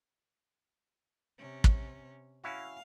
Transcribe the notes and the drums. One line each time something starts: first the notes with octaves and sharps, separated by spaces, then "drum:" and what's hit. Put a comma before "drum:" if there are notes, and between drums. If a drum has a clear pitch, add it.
C3 C#4
drum: kick
C#4 E4 F#4 F5